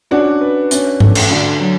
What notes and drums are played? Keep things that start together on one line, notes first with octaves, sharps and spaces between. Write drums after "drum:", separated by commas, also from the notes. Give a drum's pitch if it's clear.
C#4 D4 F#4
B4
C#4, drum: hi-hat
A3, drum: tom G#2
drum: cymbal
D3 D4 F#4
F#3